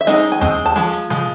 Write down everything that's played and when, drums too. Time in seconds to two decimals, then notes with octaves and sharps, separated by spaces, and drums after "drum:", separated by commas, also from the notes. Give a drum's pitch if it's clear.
0.01 E5
0.07 G#3 C4 D#4 D#5
0.32 G#5
0.41 G#3 C4, drum: tom E2
0.66 A5
0.76 F3 G#3
0.93 drum: hi-hat
1.10 F3 G#3, drum: tom C3